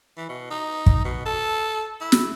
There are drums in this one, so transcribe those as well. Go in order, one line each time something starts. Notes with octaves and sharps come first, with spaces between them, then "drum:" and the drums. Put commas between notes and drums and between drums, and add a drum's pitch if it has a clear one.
E3
B2
D#4
drum: kick
B2
A4
E4
drum: snare